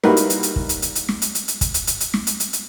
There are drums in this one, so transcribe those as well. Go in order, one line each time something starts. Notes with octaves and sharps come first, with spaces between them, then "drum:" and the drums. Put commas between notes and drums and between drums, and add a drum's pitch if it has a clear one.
G3 A#3 D#4 E4 F#4 B4, drum: snare
drum: hi-hat
drum: hi-hat
drum: hi-hat
drum: kick
drum: hi-hat
drum: hi-hat
drum: hi-hat
drum: snare
drum: hi-hat
drum: hi-hat
drum: hi-hat
drum: kick, hi-hat
drum: hi-hat
drum: hi-hat
drum: hi-hat
drum: snare
drum: hi-hat
drum: hi-hat
drum: hi-hat